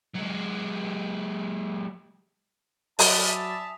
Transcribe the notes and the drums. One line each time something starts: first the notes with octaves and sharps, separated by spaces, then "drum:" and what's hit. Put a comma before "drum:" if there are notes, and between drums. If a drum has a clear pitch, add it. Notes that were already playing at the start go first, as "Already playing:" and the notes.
F#3 G#3
F#3 D5 E5 G#5 A5 B5 D#6 F7, drum: open hi-hat